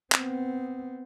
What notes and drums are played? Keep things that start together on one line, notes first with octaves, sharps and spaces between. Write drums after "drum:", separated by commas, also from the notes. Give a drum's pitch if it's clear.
B3 C4, drum: clap